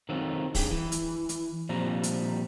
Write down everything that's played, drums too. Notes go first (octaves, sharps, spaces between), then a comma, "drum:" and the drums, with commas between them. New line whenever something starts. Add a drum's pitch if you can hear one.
D#3 F#3 C4 F4 A4
G2 G#4 G5, drum: kick, open hi-hat
E3
drum: hi-hat
drum: hi-hat
A#2 F3 G3 C4 A#5
drum: hi-hat